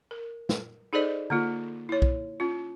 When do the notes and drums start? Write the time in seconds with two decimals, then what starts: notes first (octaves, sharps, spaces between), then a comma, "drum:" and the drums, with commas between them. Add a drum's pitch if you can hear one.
0.11 A#4
0.49 drum: snare
0.93 D#4 G#4 A4 C5 D5 D#5
1.30 D3 A#3 F4
1.89 E4 C#5
2.02 drum: kick
2.40 C#4 F4